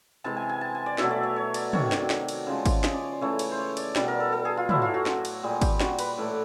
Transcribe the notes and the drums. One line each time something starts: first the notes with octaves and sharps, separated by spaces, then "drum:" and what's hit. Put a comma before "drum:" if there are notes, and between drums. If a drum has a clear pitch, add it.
C3 E3 G#3 A5
G#5
G#5
A5
G#5
D5
B2 F#3 A3 E5, drum: snare
D5
C#5
C#5
D5, drum: cymbal
C3 D#3 F#3 C#5, drum: tom
D5, drum: snare
drum: snare
drum: cymbal
C#3 F3 G#3
drum: kick G#1, cymbal
D#5, drum: snare
D5
C#5
C5
C#3 E3 A3 C#5
C#5, drum: cymbal
C5
C#5
D5, drum: cymbal
B2 G3, drum: snare
A#4
A4
A4
G#4
F4
A2 F#3 A3 E4, drum: tom
F4
F#4
drum: snare
drum: cymbal
A#2 G3 G#4
G4, drum: kick G#1, cymbal
F#4, drum: snare
B4, drum: cymbal
A2 E3 A3 D5